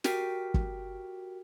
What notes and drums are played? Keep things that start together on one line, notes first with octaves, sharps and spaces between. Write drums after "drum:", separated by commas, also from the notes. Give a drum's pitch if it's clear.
F#4 G4 A#4 G5 B6, drum: snare
drum: kick